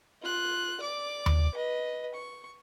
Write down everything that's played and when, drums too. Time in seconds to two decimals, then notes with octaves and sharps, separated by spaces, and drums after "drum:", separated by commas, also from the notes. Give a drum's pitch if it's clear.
0.22 F4 F#6
0.80 D5 D6
1.26 drum: tom D#2
1.55 B4 D#5
2.15 C#6